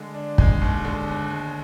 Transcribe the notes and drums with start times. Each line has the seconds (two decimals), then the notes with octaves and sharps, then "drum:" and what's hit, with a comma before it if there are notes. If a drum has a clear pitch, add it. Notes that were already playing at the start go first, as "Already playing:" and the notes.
Already playing: D3 G#3
0.14 D4
0.38 G#3, drum: kick
0.61 D#2
0.85 D3
1.08 D#2
1.31 G#3